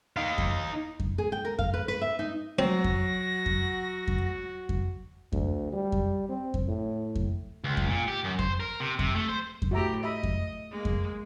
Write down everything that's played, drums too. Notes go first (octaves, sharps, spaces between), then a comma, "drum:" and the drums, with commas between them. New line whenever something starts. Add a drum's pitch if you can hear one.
D#4 F5
drum: kick F2
drum: kick F2
G#4
G5
A#4
F5, drum: kick F2
B4
B4
E5
D#4
F#3 C4 F#4 A#6
drum: kick F2
drum: kick F2
drum: kick F2
drum: kick F2
D2, drum: kick F2
G3
drum: kick F2
C4
drum: kick F2
A2
drum: kick F2
C#2
drum: kick F2
A#2
G4
F#2
C5, drum: kick F2
A#4
C3
C3, drum: kick F2
A3
C5
drum: kick F2
A2 F#4 G4 E5 A#5
D#5 E5 B5
drum: kick F2
G#3 A#3
drum: kick F2